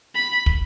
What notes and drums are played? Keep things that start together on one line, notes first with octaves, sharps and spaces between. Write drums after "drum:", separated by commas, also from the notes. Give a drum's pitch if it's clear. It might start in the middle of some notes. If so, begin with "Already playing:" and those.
B5
drum: kick